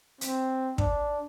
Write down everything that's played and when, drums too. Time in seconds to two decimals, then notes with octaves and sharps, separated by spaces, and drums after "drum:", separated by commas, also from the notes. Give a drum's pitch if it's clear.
0.21 C4, drum: hi-hat
0.78 D4, drum: kick